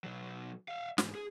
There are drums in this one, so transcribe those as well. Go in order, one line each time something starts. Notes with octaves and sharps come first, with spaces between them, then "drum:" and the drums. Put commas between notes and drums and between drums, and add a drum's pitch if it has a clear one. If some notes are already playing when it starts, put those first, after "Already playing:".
B2 F#3
E5 F5
E2 G#2, drum: snare
G#4